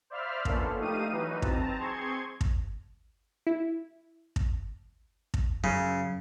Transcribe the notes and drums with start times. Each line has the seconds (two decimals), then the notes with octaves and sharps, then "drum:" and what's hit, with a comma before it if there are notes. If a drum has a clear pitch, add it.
0.10 C5 D5 E5 F5 B5 F6
0.45 F3 A#3 B3 C#4 D4 A4, drum: kick
0.79 A3 D#4 G4 F5 D#6 D#7
1.12 E3 F#3 D#4 B4
1.42 C4 A5 A#5, drum: kick
1.79 C4 G#4 C6 C#6 G#6
2.41 drum: kick
3.47 E4
4.36 drum: kick
5.34 drum: kick
5.64 F#2 C#3